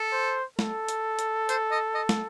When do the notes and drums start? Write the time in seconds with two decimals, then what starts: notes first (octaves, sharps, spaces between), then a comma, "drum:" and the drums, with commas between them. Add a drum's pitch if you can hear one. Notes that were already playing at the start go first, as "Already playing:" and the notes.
Already playing: A4
0.13 C5
0.59 A4, drum: snare
0.89 drum: hi-hat
1.19 drum: hi-hat
1.49 C5, drum: hi-hat
1.71 D#5
1.95 D#5
2.09 drum: snare